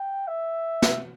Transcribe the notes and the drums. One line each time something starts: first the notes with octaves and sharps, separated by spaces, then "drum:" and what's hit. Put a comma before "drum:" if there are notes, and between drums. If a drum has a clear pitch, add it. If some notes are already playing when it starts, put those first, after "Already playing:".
Already playing: G5
E5
drum: snare